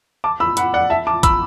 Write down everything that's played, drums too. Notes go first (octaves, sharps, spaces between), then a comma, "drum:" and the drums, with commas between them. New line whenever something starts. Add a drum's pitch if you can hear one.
A5 D6
B5 E6
F#5 B5, drum: hi-hat
D5 F#5
E5 A5
A5 D6
B5 E6, drum: kick, hi-hat